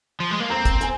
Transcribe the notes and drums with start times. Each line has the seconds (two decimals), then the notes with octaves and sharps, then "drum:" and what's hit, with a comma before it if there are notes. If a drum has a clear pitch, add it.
0.20 F3
0.31 G#3
0.40 A#3
0.50 C4 A#5
0.65 drum: kick, hi-hat
0.81 G#5, drum: hi-hat